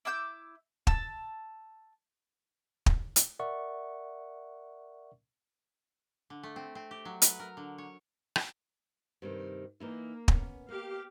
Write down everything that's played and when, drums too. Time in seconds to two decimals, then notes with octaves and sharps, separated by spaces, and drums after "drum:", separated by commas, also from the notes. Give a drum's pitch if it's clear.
0.05 E4 D6 E6 G6
0.87 A5 E6, drum: kick
2.86 drum: kick
3.16 drum: hi-hat
3.39 A#4 D5 E5 F#5 C#6
6.30 D3
6.43 A3
6.56 C4
6.75 C4
6.91 G4
7.05 F#3
7.22 B4, drum: hi-hat
7.39 A#4
7.57 D3
7.78 C#5
8.36 drum: rim click
9.22 G2 C3 D#3
9.80 E3 A#3 D#4 E4
10.28 B3 C#4, drum: kick
10.69 A#3 G4 F5